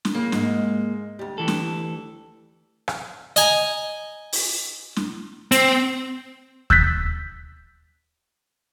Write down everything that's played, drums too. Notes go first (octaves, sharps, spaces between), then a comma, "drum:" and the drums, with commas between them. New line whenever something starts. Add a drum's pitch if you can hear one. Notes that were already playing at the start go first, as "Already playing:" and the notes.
drum: snare
C#3 A#3
G#2 G#3, drum: snare
D2 G3
E3 A4
drum: snare
drum: rim click
D#5 G#5 A#5, drum: hi-hat
drum: open hi-hat
drum: snare
C4, drum: hi-hat
E6 F#6 G6 A6 B6, drum: kick D#2